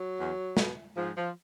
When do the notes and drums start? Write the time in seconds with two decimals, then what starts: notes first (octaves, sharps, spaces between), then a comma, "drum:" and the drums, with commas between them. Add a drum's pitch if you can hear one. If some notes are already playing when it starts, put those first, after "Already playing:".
Already playing: F#3
0.17 E2
0.57 B2, drum: snare
0.96 G#2 F3
1.17 F3